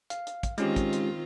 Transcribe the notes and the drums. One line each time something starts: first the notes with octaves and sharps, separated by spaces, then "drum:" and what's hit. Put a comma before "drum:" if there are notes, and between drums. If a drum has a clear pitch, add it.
F5, drum: hi-hat
drum: hi-hat
drum: kick, hi-hat
D#3 G#3 C4 C#4 F4 G4, drum: hi-hat
drum: kick, hi-hat
drum: hi-hat